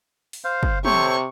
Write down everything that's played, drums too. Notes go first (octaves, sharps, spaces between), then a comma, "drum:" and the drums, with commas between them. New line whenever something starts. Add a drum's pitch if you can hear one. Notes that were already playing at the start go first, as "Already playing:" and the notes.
drum: open hi-hat
C5 F5
drum: kick
C3 A4 C5 C#5 C#6, drum: tom